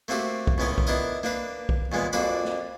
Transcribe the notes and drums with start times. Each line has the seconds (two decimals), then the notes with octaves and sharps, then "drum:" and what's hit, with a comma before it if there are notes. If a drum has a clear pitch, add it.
0.08 A3 A#3 C4 F#4 G4
0.47 drum: kick B1
0.58 C#2 A2 B3 C#4 A#4
0.78 drum: kick B1
0.87 B3 D4 E4 A#4 D#5
1.23 A#3 D4 B4, drum: snare
1.69 drum: kick B1
1.92 D#2 A#2 G#3 B3
2.13 F2 A#3 D4 F#4 D5 B5
2.45 drum: snare